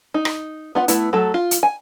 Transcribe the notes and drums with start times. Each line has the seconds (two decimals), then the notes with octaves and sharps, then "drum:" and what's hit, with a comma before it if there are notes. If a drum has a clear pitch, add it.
0.14 D#4
0.25 drum: rim click
0.75 B3 F4 F#5
0.88 A3 B3 E4, drum: hi-hat
1.13 F#3 A3 A4
1.34 F4
1.51 drum: hi-hat
1.63 G#5